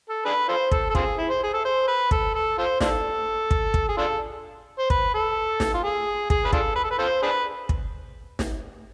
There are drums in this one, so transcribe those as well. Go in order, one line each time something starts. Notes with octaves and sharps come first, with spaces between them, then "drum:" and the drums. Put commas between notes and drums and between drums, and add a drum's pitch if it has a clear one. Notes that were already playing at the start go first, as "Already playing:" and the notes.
A4
D4 G#4 B4
F4 A4 C5
A4, drum: kick
A4
C4 F4 G#4, drum: kick
E4
C5
G#4
A4
C5
B4
A4, drum: kick
A4
F4 A4 C5
D4 F4 A4, drum: snare
drum: kick
drum: kick
G#4
D4 F4 A4
C5
B4, drum: kick
A4
drum: snare
F4
G#4
G#4, drum: kick
B4
D4 F4 A4, drum: kick
B4
A4
B4
F4 A4 C5
D4 G#4 B4
drum: kick
drum: snare